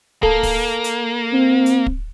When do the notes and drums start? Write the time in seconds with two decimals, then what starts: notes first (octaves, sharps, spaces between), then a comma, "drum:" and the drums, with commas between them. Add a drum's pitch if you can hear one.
0.23 A#3 A4 A5, drum: kick
0.43 drum: kick, open hi-hat
0.84 drum: hi-hat
1.33 C4
1.66 drum: hi-hat
1.86 drum: kick